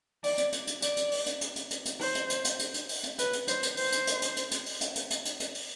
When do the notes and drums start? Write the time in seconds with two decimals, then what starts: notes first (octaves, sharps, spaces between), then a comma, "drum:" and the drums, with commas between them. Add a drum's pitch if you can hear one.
0.23 D5, drum: open hi-hat
0.38 drum: hi-hat
0.52 drum: hi-hat
0.67 drum: hi-hat
0.82 D5, drum: hi-hat
0.97 drum: hi-hat
1.12 drum: open hi-hat
1.26 drum: hi-hat
1.41 drum: hi-hat
1.56 drum: hi-hat
1.71 drum: hi-hat
1.85 drum: hi-hat
2.01 C5, drum: open hi-hat
2.15 drum: hi-hat
2.30 drum: hi-hat
2.44 drum: hi-hat
2.59 drum: hi-hat
2.74 drum: hi-hat
2.89 drum: open hi-hat
3.04 drum: hi-hat
3.18 B4, drum: hi-hat
3.33 drum: hi-hat
3.47 C5, drum: hi-hat
3.63 drum: hi-hat
3.77 C5, drum: open hi-hat
3.92 drum: hi-hat
4.07 drum: hi-hat
4.22 drum: hi-hat
4.37 drum: hi-hat
4.51 drum: hi-hat
4.66 drum: open hi-hat
4.81 drum: hi-hat
4.96 drum: hi-hat
5.10 drum: hi-hat
5.25 drum: hi-hat
5.40 drum: hi-hat
5.55 drum: open hi-hat